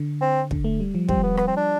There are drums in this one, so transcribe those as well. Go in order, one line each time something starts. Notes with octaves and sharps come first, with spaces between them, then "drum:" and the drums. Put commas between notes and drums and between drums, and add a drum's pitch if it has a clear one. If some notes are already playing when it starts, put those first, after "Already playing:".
Already playing: D3
C4
D3, drum: kick
A3
G3
F3
G3 C4, drum: kick
B3
B3, drum: rim click
C4
D4